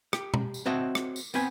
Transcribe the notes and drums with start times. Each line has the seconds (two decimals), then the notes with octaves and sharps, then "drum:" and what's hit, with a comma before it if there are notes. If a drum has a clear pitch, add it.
0.13 G4, drum: rim click
0.34 drum: tom B2
0.54 drum: tambourine
0.66 C4 F#4 C#5 D#5 E5 A5
0.95 drum: rim click
1.16 drum: tambourine
1.34 B3 C4 B4 G#5, drum: tambourine